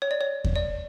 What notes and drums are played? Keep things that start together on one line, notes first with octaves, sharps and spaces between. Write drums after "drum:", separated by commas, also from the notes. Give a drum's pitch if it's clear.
C#5
D5
C#5
drum: kick E2
D5